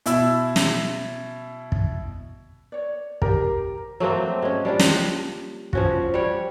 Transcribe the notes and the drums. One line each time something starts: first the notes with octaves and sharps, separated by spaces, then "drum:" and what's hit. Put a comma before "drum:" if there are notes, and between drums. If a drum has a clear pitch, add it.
B2 E4 E6, drum: hi-hat
drum: snare
drum: kick
C#5 D5
G4 A#4 C5, drum: kick
F#3 A3 A#3 C4
G#3 C#4
G3 D4 F4
drum: snare
F3 C#4 F#4, drum: kick
G3 C#5